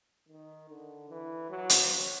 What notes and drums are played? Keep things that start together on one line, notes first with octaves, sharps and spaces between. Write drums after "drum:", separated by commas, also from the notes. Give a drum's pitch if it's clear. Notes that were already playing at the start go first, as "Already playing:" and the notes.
D#3
D3
E3
F#3
drum: hi-hat